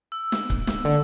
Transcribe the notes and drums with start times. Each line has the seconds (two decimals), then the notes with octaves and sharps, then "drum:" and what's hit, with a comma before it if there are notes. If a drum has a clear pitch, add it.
0.12 E6
0.32 drum: snare
0.50 drum: kick C#1
0.67 drum: snare
0.85 D3